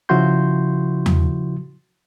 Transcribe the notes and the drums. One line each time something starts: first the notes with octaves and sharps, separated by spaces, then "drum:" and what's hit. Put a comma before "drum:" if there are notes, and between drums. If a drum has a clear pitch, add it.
C#3 F3 E4 F#4 C6 G6
drum: tom E2